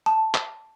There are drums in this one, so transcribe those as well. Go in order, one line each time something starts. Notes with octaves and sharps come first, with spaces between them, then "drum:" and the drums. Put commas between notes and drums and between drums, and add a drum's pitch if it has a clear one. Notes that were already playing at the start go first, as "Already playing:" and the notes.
A5
drum: clap